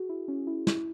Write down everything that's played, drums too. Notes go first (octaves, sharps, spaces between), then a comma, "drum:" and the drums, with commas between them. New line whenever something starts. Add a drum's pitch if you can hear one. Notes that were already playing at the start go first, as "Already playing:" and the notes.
Already playing: F#4 G#4
E4
C#4
E4
E4, drum: snare